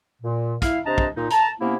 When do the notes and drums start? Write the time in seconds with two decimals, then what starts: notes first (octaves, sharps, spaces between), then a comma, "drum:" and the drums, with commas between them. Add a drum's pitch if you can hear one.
0.22 A#2
0.62 E4 F5, drum: kick, hi-hat
0.85 C3 D4 C5 D#5 A5 A#5
0.98 drum: kick
1.15 A#2 D#4
1.30 A5 A#5, drum: hi-hat
1.59 C3 A#3 B3 C#4 E4